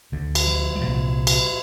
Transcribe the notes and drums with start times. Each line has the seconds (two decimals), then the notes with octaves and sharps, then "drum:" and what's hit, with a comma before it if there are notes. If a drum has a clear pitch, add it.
0.12 D2 D3
0.35 drum: cymbal
0.47 F3
0.76 G3
0.81 C2 A#2 F3
1.27 drum: cymbal